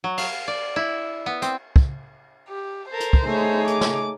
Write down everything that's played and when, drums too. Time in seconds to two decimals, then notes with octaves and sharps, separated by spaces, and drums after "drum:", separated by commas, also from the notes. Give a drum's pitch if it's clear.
0.04 F#3
0.18 F5, drum: cymbal
0.48 D5
0.76 E4
1.26 B3
1.42 C4, drum: hi-hat
1.76 drum: kick
2.49 G4
2.91 A4 A#4 C5
3.00 drum: hi-hat
3.13 drum: kick
3.25 A3 D#4 G#4 C#5
3.67 D6, drum: hi-hat
3.81 drum: snare